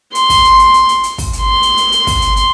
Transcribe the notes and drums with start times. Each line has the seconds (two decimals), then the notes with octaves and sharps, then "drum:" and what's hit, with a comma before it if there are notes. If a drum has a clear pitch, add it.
0.15 C6, drum: hi-hat
0.30 drum: kick, open hi-hat
0.44 drum: hi-hat
0.59 drum: hi-hat
0.74 drum: hi-hat
0.89 drum: hi-hat
1.03 drum: hi-hat
1.18 drum: kick, open hi-hat
1.33 drum: hi-hat
1.43 C6
1.63 drum: hi-hat
1.77 drum: hi-hat
1.92 drum: hi-hat
2.07 drum: kick, open hi-hat
2.22 drum: hi-hat
2.37 drum: hi-hat